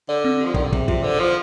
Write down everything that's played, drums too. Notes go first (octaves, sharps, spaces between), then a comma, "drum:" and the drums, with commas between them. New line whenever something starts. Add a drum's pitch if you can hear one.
D3 D5
C4
F3 G4
D#3 D5, drum: kick
D3
C3 G#4, drum: kick
C3 F4, drum: kick
D3 C5
F3 C5